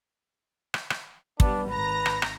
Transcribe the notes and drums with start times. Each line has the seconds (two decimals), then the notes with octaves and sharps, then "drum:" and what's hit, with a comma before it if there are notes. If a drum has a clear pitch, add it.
0.74 drum: rim click
0.90 drum: rim click
1.40 G3 B3 D4, drum: kick
1.69 G#1 B4 A#5 A#6
2.06 drum: rim click
2.22 drum: rim click